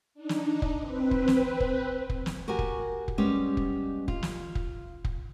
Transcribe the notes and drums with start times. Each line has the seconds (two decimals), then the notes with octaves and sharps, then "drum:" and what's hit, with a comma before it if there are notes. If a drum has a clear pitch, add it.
0.14 D4 D#4
0.29 drum: snare
0.62 drum: kick
0.78 C4 B4
1.11 drum: kick
1.28 drum: snare
1.60 drum: kick
2.10 drum: kick
2.26 drum: snare
2.48 F#4 G4 A#4 F#5 G#5
2.59 drum: kick
3.08 drum: kick
3.18 G3 G#3 B3 C#4 G4
3.57 drum: kick
4.08 F4, drum: kick
4.23 drum: snare
4.55 drum: kick
5.04 drum: kick